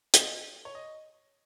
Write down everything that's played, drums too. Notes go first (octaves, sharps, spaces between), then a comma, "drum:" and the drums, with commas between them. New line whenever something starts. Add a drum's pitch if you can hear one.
D#5, drum: hi-hat
C#5
D#5